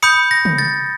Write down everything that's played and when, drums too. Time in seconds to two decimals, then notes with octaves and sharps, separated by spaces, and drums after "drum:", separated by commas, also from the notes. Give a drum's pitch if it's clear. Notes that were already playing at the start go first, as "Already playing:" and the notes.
0.02 B5 D#6 G6 C#7
0.31 A#6
0.45 drum: tom
0.58 A6